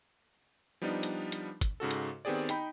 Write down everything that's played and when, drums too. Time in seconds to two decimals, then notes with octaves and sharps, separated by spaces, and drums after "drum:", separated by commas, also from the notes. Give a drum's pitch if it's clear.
0.82 F3 G3 B3 D4 D#4
1.03 drum: hi-hat
1.32 drum: hi-hat
1.61 drum: kick, hi-hat
1.80 G#2 C#3 F#4 A4
1.91 drum: hi-hat
2.25 D#3 B3 C4 G4 G#4 D5
2.49 D#4 G5 B5, drum: hi-hat